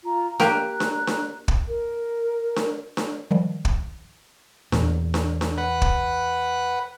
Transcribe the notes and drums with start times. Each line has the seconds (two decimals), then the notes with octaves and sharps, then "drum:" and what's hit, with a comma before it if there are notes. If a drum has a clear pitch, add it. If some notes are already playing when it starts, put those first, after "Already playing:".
0.05 F4 A#5
0.40 A#3 G4 A#5 F#6, drum: snare D4
0.80 drum: snare D4
1.07 drum: snare D4
1.48 drum: kick
1.68 A#4
2.56 drum: snare D4
2.97 drum: snare D4
3.31 D#3 F3 G3
3.65 drum: kick
4.72 E2 A#2, drum: snare D4
5.14 drum: snare D4
5.41 drum: snare D4
5.58 B4 F#5
5.82 drum: kick